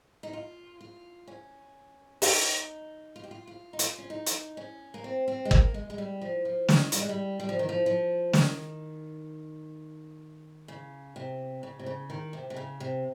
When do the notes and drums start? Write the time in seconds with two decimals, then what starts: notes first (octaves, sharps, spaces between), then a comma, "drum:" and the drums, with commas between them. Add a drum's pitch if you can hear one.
0.23 D#4
0.33 F4
0.81 F4
1.27 C#4
2.22 D#4, drum: open hi-hat
3.16 F4
3.24 G4
3.31 F4
3.47 F4
3.73 D#4
3.79 F4, drum: hi-hat
3.98 C#4
4.10 D#4
4.26 drum: hi-hat
4.57 C#4
4.94 A#3
5.04 C4
5.28 C4
5.45 G#3
5.51 A#3, drum: kick
5.74 G#3
5.90 G#3
5.98 G3
6.21 F3
6.45 F3
6.68 D#3, drum: snare
6.92 G3, drum: hi-hat
7.01 G#3
7.09 G3
7.40 G3
7.49 F3
7.59 D#3
7.69 F3
7.86 F3
8.33 D#3, drum: snare
10.68 C#3
11.16 C3
11.63 C#3
11.79 C3
11.86 C#3
12.10 D#3
12.33 C3
12.50 C3
12.56 C#3
12.80 C3